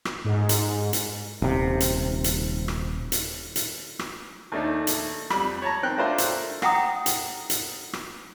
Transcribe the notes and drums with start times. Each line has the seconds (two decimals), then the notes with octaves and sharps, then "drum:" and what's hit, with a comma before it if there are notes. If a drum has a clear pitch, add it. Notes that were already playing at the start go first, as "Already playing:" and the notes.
0.05 drum: rim click
0.24 G#2
0.49 drum: hi-hat
0.93 drum: hi-hat
1.42 D#1 C3
1.80 drum: hi-hat
2.24 drum: hi-hat
2.68 drum: rim click
3.12 drum: hi-hat
3.56 drum: hi-hat
3.99 drum: rim click
4.52 D#2 A3 D4 D#4
4.87 drum: hi-hat
5.30 F2 G3 B5, drum: rim click
5.62 C#5 A5 A#5
5.83 D#3 C4 G5 F#6
5.98 A3 D4 F4 A#4 C5 E5
6.18 drum: hi-hat
6.62 E5 F#5 G5 A#5 D#6, drum: rim click
7.06 drum: hi-hat
7.50 drum: hi-hat
7.93 drum: rim click